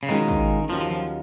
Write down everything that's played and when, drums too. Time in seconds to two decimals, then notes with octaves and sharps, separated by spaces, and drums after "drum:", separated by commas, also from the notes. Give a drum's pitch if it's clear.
0.03 C#3
0.09 B2 D#3 G#3 C#4 F4
0.28 drum: kick
0.70 D#2 D#3 F3 F#3 C#4 F4
0.81 F3
0.91 F3